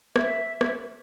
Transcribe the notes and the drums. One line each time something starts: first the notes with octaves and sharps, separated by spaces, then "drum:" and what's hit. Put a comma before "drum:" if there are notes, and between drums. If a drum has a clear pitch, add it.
E5, drum: rim click
drum: rim click